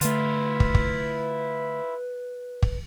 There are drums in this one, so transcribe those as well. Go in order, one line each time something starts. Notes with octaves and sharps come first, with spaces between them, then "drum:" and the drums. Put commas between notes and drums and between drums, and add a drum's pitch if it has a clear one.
D3 A3 E4 F4 B4, drum: hi-hat
drum: kick
drum: kick
drum: kick